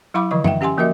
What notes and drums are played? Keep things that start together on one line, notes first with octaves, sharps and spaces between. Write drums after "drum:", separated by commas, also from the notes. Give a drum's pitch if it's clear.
F#3 E4 F5 F#5 B5 D6
D3 E3 F3 D#5 C#6
E5 F#5 G5, drum: tom F#2
C#4 G4 F#5 G#5 C6
F3 A#3 F#4 A#4 D#5 E5